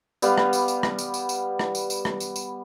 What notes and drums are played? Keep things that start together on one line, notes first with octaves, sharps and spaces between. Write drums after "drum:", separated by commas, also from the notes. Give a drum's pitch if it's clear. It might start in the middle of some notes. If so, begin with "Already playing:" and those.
G3 B3 F5, drum: tambourine
drum: rim click
drum: tambourine
drum: tambourine
drum: rim click
drum: tambourine
drum: tambourine
drum: tambourine
drum: rim click
drum: tambourine
drum: tambourine
drum: rim click
drum: tambourine
drum: tambourine